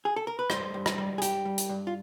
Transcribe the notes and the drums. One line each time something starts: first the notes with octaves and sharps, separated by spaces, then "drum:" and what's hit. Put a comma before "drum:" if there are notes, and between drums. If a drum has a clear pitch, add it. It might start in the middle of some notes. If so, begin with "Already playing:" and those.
G#4
A4
A#4
B4
G2 C5, drum: rim click
G2
drum: rim click
G3
G#4
G2 G4, drum: hi-hat
G3
drum: hi-hat
G2
F4